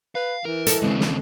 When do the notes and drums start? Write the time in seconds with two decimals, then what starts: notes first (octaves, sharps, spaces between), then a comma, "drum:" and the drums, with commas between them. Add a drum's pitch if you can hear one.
0.15 B4 F5
0.45 E3 A#4
0.67 A4 D#5, drum: hi-hat
0.82 D#2 C#3 G#3 C4 D4
1.00 drum: snare